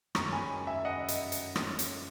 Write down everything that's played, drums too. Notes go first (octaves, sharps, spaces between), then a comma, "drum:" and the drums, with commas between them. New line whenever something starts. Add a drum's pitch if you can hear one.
F#2 D#3 G#3 A#5 C#6, drum: rim click
G#5 B5
E5 G#5
D#5 F#5
drum: hi-hat
drum: hi-hat
F#3 A#3 C#4, drum: rim click
drum: hi-hat